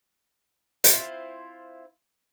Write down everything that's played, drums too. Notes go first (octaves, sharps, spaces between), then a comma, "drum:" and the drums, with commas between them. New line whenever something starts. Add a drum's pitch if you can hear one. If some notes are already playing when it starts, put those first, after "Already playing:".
C4 E4 F4 C5, drum: hi-hat